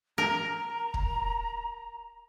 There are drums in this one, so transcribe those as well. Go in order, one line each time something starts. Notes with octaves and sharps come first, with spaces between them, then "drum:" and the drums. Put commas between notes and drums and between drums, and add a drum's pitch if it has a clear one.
A#4 A#5
drum: kick